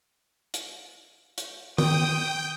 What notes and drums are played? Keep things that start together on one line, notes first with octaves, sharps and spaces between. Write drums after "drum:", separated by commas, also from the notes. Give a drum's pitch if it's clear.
drum: hi-hat
drum: hi-hat
G5 D#6, drum: tom D#3